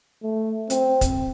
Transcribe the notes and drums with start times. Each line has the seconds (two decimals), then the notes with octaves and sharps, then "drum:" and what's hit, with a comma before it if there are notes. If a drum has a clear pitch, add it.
0.23 A3
0.70 C4, drum: hi-hat
1.01 drum: kick, hi-hat